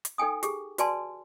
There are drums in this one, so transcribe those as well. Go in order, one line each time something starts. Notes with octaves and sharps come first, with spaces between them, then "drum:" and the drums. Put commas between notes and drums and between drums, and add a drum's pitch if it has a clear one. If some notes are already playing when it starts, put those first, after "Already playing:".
drum: hi-hat
D#4 A4 G5 G#5 D#6
G4 G#4, drum: hi-hat
F#4 B4 D5 G#5 A5 C6, drum: hi-hat